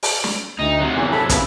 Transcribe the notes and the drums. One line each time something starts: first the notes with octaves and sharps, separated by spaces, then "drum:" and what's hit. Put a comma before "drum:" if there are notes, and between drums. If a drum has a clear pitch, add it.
drum: open hi-hat
drum: snare
D2 D#4
C3 F#3
E2 E3
A4 B5
C#3 B3 E4, drum: kick, hi-hat